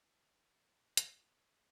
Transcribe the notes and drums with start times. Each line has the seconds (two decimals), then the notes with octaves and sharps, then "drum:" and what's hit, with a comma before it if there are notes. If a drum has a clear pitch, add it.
0.20 F3 D4 D5 D#6
0.97 drum: hi-hat